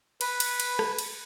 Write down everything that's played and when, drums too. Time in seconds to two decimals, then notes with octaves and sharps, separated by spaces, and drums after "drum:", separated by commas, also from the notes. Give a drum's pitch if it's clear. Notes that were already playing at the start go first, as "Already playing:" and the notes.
0.21 B4, drum: cymbal
0.40 drum: cymbal
0.60 drum: cymbal
0.79 drum: rim click
0.99 drum: cymbal